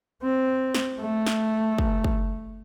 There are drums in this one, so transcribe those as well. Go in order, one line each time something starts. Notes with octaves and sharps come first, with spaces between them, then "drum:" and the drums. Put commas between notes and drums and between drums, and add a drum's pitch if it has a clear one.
C4
drum: snare
A3
drum: snare
drum: kick
drum: kick